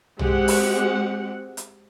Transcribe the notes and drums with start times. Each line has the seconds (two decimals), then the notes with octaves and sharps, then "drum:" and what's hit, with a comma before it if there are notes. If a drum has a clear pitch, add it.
0.19 G#3 C4 F#4 G4 F#5, drum: tom
0.48 drum: open hi-hat
1.57 drum: hi-hat